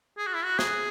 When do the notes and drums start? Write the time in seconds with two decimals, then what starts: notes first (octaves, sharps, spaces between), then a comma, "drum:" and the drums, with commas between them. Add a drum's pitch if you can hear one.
0.18 G#4
0.27 F#4
0.35 E4
0.44 F#4
0.59 G#4, drum: snare